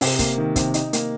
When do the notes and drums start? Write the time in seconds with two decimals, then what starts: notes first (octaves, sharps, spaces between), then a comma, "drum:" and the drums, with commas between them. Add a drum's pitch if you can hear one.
0.01 C3, drum: open hi-hat
0.19 A#3, drum: kick, hi-hat
0.37 D#3
0.56 C3, drum: kick, hi-hat
0.74 D#4, drum: hi-hat
0.93 A#3, drum: hi-hat